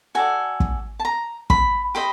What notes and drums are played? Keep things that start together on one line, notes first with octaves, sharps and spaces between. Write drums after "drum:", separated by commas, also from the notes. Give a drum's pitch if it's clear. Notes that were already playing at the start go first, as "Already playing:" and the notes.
F#4 A4 D5 G#5
drum: kick
A5
A#5
B5, drum: kick
G4 C5 D#5 B5